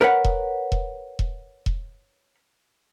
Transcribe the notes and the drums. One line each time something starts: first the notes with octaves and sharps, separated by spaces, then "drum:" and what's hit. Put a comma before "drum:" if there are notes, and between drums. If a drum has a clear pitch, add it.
A#4 B4 C#5 F#5
drum: kick E1
drum: kick E1
drum: kick E1
drum: kick E1